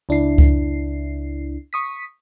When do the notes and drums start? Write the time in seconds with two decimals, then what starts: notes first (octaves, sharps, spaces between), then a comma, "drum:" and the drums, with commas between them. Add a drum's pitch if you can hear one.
0.09 C#2 D4 E4 C7
0.38 drum: kick C#2
1.73 C#6 D#6 B6